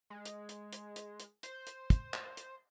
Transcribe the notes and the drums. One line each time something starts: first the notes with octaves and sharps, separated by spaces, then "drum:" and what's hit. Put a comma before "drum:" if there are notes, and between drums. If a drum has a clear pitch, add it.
G#3
drum: hi-hat
drum: hi-hat
drum: hi-hat
drum: hi-hat
drum: hi-hat
C5, drum: hi-hat
drum: hi-hat
drum: kick, hi-hat
drum: clap
drum: hi-hat